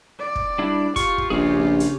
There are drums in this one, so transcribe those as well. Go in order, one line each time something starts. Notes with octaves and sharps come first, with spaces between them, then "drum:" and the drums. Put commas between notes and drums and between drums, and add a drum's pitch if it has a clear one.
D5
drum: kick
G3 D4 E4
F4 G4 C#6, drum: kick, hi-hat
drum: kick
A#1 C#3 C#4 G#4
A#1
drum: hi-hat